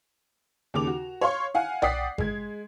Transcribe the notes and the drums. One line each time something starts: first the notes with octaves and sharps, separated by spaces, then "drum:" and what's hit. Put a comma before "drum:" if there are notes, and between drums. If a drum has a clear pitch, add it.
D#2 C#3 D6 F7
F#4
C#5 F5 C6 C#6
F5 F#5 G#5
D5 F#5 G5 D#6 B6 C7, drum: tom B1
G#3 G#6, drum: kick G#1